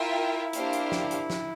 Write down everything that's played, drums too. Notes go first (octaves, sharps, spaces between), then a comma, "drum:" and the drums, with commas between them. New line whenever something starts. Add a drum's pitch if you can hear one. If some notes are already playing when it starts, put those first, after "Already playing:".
Already playing: E4 F4 A#4 E5 G5
A#3 D4 G4 C5 F5, drum: hi-hat
drum: hi-hat
drum: snare
drum: hi-hat
drum: snare